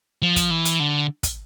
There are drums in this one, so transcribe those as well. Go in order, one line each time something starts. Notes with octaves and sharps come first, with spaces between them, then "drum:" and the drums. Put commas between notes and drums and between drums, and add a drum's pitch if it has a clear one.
F3
drum: kick, hi-hat
E3
drum: hi-hat
D3
drum: kick, hi-hat